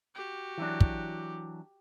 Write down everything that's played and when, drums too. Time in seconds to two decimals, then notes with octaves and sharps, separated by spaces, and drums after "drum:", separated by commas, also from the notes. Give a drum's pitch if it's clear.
0.15 F#4 G4
0.58 E3 F#3 D4
0.81 drum: kick